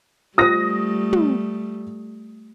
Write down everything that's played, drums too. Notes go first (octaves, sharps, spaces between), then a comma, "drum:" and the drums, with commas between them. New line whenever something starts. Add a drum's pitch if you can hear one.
G3 A3 F4 C5 D#6 A#6
drum: tom